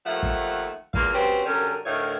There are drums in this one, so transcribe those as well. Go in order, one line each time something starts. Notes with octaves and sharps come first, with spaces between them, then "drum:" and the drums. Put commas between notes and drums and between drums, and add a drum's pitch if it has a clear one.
D#2 F3 A3 F#5
drum: kick
E2 A#2 A#3 F5, drum: kick
C4 C#4 F#4 G4 B4
F#2 D3 G3 C#4 A#4
D2 A2 D#3 C#5 F5